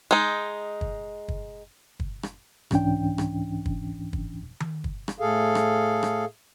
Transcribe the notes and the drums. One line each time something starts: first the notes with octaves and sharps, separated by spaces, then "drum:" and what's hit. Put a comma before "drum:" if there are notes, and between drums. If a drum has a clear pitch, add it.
G#3 D#4
drum: kick
drum: kick
drum: kick
drum: rim click
C2 G#2 E3 C#4 D4 G5, drum: rim click
drum: rim click
drum: kick
drum: kick
drum: tom D#3
drum: kick
drum: rim click
A2 G#4 A4 F5
drum: rim click
drum: rim click